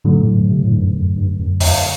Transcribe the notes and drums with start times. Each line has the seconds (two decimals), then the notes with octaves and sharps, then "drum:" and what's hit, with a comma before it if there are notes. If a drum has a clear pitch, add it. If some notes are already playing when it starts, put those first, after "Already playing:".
0.04 G#2 D3 F#3 A3
0.20 A2
0.35 G#2
0.50 C3
0.64 A2
0.72 G2
0.79 G#2
0.94 F#2
1.16 G2
1.39 F#2
1.60 F2, drum: open hi-hat